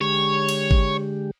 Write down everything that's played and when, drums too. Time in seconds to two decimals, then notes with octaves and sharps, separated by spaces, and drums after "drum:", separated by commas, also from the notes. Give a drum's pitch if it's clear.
0.01 D3 G#3 G4 C#5
0.49 drum: cymbal
0.71 drum: kick G#1